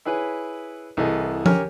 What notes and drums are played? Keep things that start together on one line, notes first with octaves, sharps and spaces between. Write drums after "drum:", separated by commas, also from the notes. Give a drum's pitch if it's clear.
E4 G#4 B4 C#5 G#5
C2 E3 G#4 A4 D#5
G4 A#4 C#5 G#5 F6, drum: tom F3